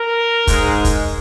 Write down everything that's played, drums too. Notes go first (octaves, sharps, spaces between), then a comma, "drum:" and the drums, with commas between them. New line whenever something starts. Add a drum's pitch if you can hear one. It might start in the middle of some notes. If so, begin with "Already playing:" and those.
Already playing: A#4
G#2 G#3, drum: kick, hi-hat
drum: kick, hi-hat